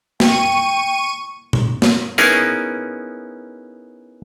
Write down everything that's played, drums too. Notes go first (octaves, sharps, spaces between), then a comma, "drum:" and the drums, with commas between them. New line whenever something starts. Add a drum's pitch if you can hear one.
G5 C#6 D#7, drum: snare
drum: tom A#2
drum: snare
B3 C#4 D#4 E4 G#4 A#4, drum: tambourine